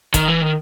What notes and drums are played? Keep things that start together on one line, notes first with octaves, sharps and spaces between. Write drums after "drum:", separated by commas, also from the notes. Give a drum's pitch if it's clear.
D#3, drum: kick, hi-hat
E3
D#3